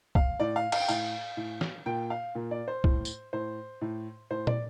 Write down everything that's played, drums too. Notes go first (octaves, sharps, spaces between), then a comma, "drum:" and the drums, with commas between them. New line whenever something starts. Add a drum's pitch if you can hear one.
F5, drum: kick
A2 D5
F5
F5, drum: cymbal
G5
A2 F5, drum: tambourine
A2
drum: snare
A#2 G5
F5
A#2
D5
C5
A2, drum: kick
drum: tambourine
A2 C5
A2
A2 C5
D5, drum: tom